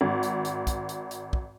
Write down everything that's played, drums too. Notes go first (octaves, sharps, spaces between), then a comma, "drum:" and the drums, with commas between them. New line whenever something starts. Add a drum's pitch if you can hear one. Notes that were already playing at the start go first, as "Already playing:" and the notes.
G#1
drum: hi-hat
drum: hi-hat
drum: kick, hi-hat
drum: hi-hat
drum: hi-hat
drum: kick